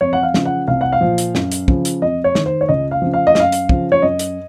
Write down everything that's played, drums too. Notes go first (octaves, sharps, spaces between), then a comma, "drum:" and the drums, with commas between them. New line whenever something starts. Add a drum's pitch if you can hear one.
F2 C#5
F#5
F5
C#3 F3, drum: snare
F#5
C2 F5
F#5
F5
A#2 F3
drum: hi-hat
F#2, drum: snare
drum: hi-hat
C#3 F3, drum: kick
drum: hi-hat
F2 D#5
C#5
D#3, drum: snare
C5
C#5
C#2 D#5
F5
C#3 F3
F5
D#5
F#2 F5, drum: snare
drum: hi-hat
C#3 F3, drum: kick
C#5
F#2 D#5
drum: hi-hat